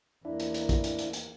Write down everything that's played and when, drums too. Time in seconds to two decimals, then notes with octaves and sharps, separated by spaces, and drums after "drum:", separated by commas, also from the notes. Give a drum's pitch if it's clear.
0.25 E2 A#3 D4 E4
0.40 drum: hi-hat
0.54 drum: hi-hat
0.69 drum: kick, hi-hat
0.84 drum: hi-hat
0.99 drum: hi-hat
1.13 drum: hi-hat